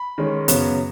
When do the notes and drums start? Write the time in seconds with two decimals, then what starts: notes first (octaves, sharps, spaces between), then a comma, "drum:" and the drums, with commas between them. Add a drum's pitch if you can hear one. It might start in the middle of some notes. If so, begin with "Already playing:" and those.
Already playing: B5
0.18 D#3 G#3 C#4
0.48 F#2 C#3 F#3 B3, drum: hi-hat